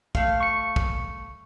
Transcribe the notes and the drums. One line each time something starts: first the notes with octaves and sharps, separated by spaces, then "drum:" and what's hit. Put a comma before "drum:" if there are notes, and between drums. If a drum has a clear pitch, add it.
A3 F5, drum: kick
C#6 C#7
drum: kick